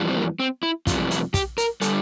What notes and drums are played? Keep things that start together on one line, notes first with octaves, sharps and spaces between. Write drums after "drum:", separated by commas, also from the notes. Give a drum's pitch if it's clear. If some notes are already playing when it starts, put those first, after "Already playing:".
Already playing: F2 E3 G3
C4
A#3
C4
E4
F2 C3 E3 G3 F4, drum: kick, hi-hat
E4, drum: hi-hat
G4, drum: kick, hi-hat
A#4, drum: hi-hat
D3 G3 A4, drum: hi-hat